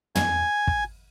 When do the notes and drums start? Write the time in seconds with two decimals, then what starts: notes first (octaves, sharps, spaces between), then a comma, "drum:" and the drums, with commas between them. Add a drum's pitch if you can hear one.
0.15 G#5, drum: tom
0.67 drum: kick